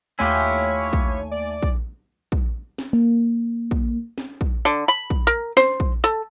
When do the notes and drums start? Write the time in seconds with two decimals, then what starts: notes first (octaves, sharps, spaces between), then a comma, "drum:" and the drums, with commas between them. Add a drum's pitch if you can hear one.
0.19 D#2 A3 E4 F4 G4 C#5 G#5
0.93 drum: kick
1.31 D5
1.63 drum: kick
2.32 drum: kick
2.78 drum: snare
2.93 A#3
3.71 drum: kick
4.18 drum: snare
4.41 drum: kick
4.65 D3
4.88 B5
5.10 drum: kick
5.27 A#4
5.57 C5, drum: snare
5.80 drum: kick
6.04 A4